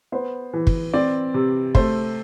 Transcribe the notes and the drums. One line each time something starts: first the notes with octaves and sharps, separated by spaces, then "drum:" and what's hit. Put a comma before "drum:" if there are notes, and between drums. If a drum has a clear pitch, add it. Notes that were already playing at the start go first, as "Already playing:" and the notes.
B3 C5
E3
drum: kick
C4 D5
C3
A3 C5, drum: kick